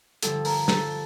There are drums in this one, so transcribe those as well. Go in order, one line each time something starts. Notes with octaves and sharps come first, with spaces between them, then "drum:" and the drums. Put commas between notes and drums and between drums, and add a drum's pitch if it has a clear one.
G2 D3 F3 A4, drum: hi-hat
A#4, drum: open hi-hat
A4, drum: snare